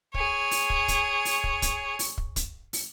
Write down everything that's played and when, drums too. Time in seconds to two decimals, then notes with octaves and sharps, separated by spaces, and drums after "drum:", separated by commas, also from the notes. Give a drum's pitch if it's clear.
0.14 G#4 C#5, drum: kick
0.51 drum: open hi-hat
0.70 drum: kick
0.88 drum: kick, hi-hat
1.25 drum: open hi-hat
1.44 drum: kick
1.62 drum: kick, hi-hat
1.99 drum: open hi-hat
2.18 drum: kick
2.36 drum: kick, hi-hat
2.73 drum: open hi-hat